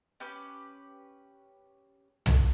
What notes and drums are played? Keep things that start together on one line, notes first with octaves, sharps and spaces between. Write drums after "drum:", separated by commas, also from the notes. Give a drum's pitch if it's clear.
C#4 G4 B4 D6
drum: tom